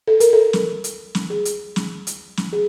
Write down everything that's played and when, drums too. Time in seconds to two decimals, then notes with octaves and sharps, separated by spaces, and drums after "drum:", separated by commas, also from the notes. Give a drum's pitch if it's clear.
0.08 A4
0.20 A#4, drum: hi-hat
0.33 A4
0.53 drum: snare
0.84 drum: hi-hat
1.15 drum: snare
1.30 G#4
1.45 drum: hi-hat
1.76 drum: snare
2.07 drum: hi-hat
2.37 drum: snare
2.53 G#4